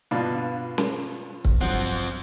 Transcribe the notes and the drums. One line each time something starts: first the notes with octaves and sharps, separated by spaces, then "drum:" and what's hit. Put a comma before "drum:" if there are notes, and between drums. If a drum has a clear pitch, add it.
G2 B2 D4 F4 F5
drum: snare
drum: kick C#1
G2 F3 F#3 C4 F#5